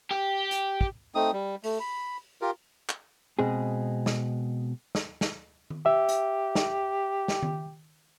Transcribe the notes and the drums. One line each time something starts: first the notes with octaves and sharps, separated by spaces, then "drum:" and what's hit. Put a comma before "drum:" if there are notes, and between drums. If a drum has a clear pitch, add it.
G4
drum: hi-hat
drum: kick
A3 C4 D#4 D#6
G3
A3, drum: open hi-hat
B5
F4 G4 A#4
drum: clap
B2 G#3 C4 G#4
drum: snare
drum: snare
drum: snare
drum: tom D#3
G4 E5
drum: hi-hat
drum: snare
drum: snare
drum: tom D#3